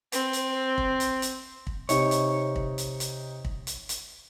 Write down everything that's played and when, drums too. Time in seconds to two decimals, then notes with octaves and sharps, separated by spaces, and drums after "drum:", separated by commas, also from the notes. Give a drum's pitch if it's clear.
0.12 C4, drum: hi-hat
0.33 drum: hi-hat
0.78 drum: kick
1.00 drum: hi-hat
1.22 drum: hi-hat
1.67 drum: kick
1.89 C3 D#4 C#5, drum: hi-hat
2.11 drum: hi-hat
2.56 drum: kick
2.78 drum: hi-hat
3.00 drum: hi-hat
3.45 drum: kick
3.67 drum: hi-hat
3.89 drum: hi-hat